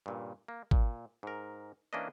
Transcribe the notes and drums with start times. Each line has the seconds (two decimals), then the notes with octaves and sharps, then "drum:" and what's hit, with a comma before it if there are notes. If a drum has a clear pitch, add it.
0.06 G2 A#2 C#3
0.48 A#3
0.71 A#2, drum: kick
1.23 G#2 A#4
1.93 E3 A#3 C#4 D4 B4 D#5